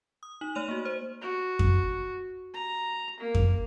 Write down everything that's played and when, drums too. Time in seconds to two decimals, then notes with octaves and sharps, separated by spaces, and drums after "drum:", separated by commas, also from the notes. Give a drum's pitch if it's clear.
0.23 D#6
0.41 D#4 F#7
0.55 A3 C#5 F6 D#7 F7
0.68 A#3 F#4
0.85 C5
1.21 F#4
1.59 drum: kick F2
2.54 A#5
3.20 A#3
3.35 drum: kick F2